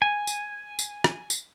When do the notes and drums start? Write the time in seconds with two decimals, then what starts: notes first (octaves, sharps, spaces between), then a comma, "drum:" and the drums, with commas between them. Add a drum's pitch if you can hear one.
0.02 G#5
0.27 drum: tambourine
0.79 drum: tambourine
1.04 drum: rim click
1.30 drum: tambourine